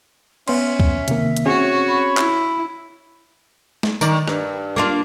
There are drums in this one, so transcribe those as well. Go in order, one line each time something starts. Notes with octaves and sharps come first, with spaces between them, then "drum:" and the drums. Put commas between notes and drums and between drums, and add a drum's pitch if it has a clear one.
B3 C#4 E5 C6, drum: cymbal
drum: kick C#2
C3 D#3 A#3, drum: hi-hat
drum: hi-hat
C4 C#4 F#4 G#4 C#5
B5
E4, drum: clap
drum: snare
D#3 A#4 D5, drum: tambourine
G2, drum: rim click
A#3 D4 F4